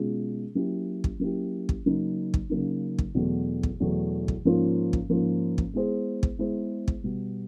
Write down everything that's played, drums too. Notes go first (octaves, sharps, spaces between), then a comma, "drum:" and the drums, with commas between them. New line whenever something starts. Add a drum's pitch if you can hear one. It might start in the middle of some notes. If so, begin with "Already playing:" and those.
Already playing: B2 G#3 C#4 F4 G#4
F#3 A#3 C#4 E4 G4
drum: kick
F#3 A#3 C#4 E4 G4
drum: kick
C#3 F#3 A#3 D#4
drum: kick
C#3 F#3 A#3 D#4
drum: kick
E2 B2 F#3 A3
drum: kick
E2 B2 F#3 A3
drum: kick
G#2 F3 A#3 C#4 F4
drum: kick
G#2 F3 A#3 C#4 F4
drum: kick
G#3 B3 E4 G#4 C5
drum: kick
G#3 B3 E4 G#4 C5
drum: kick
B2 G3 B3